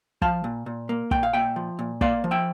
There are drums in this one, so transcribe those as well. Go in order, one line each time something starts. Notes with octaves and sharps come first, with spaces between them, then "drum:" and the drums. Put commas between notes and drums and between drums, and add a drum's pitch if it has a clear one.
F3 F5 A5, drum: kick
A#2
A#2
A#3
A#2 G5, drum: kick
F5
A#2 E5 G5
F3
A#2
A#3 D5 F5, drum: kick
F3
E5 G5